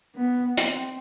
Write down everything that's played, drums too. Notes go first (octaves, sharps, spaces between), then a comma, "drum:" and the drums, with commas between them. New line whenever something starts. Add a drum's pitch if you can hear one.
B3
C4, drum: hi-hat